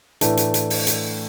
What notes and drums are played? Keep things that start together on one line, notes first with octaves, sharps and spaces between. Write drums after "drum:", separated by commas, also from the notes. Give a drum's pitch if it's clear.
A2 E3 A3 D4, drum: hi-hat
drum: hi-hat
drum: hi-hat
drum: open hi-hat
drum: hi-hat